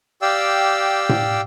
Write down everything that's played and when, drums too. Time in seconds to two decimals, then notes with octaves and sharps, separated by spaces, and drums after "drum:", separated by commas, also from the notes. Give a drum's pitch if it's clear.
0.22 G4 D5 F5 G5 E6
1.09 drum: tom A2